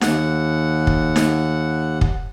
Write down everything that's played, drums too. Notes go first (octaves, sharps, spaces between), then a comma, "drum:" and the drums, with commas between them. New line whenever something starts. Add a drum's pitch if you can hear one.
D#2 F#5, drum: snare D#4
drum: kick
drum: snare D#4
drum: kick